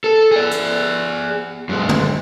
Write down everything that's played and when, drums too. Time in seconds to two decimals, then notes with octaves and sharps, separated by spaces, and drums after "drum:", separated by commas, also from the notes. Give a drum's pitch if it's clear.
0.04 A4
0.32 G#4 D5
0.51 drum: hi-hat
1.69 F#2 G#3
1.89 drum: tom